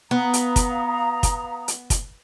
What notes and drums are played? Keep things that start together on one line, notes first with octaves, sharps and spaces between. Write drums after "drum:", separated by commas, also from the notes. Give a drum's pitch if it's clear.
B3 F5 A#5 D#6
drum: hi-hat
drum: kick, hi-hat
drum: kick, hi-hat
drum: hi-hat
drum: kick, hi-hat